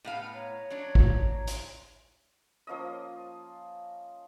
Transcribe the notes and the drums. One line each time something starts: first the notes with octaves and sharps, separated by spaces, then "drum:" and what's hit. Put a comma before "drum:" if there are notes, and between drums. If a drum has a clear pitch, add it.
A2 B3 F5
C#5 A#5
F#3 D4
drum: kick G#1
drum: hi-hat
F3 A#3 C#4 D#5